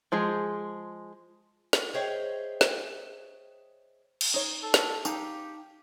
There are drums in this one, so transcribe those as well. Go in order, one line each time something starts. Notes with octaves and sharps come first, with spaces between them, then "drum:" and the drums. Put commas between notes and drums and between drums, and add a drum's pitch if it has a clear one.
F3 G#3 G#4
drum: snare
G#4 C5 C#5 D#5 E5 G5
drum: snare
drum: cymbal
D#4 C#5
A4
drum: snare
D#4 G4 F5 A5, drum: tambourine